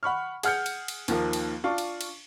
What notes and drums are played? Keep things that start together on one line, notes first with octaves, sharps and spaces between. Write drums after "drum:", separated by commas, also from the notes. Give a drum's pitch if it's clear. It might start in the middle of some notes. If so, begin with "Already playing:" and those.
F#5 B5 C#6 F6
G#4 F#5 F6 G6 C#7, drum: cymbal
drum: cymbal
drum: cymbal
D#2 D#3 F3 A#3, drum: cymbal
drum: cymbal
D4 F4 C#6
drum: cymbal
drum: cymbal